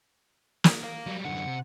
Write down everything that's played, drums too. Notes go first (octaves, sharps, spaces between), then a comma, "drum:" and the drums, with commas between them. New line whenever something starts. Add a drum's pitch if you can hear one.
drum: snare
A#4 F5
F#3 G3
F#2 D3 F#5
C3